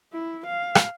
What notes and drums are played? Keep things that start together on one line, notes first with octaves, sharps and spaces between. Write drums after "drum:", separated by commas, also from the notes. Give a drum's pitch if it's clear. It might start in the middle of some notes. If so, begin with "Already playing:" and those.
E4
F5
drum: rim click